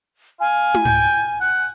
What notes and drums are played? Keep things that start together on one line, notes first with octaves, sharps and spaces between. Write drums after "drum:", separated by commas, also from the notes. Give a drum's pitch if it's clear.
F5 G#5
drum: tom
G5, drum: tom G#2
F#5